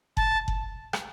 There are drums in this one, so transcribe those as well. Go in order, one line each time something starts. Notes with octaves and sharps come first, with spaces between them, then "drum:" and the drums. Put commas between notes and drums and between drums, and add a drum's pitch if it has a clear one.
A5, drum: kick F#1
drum: kick F#1
drum: rim click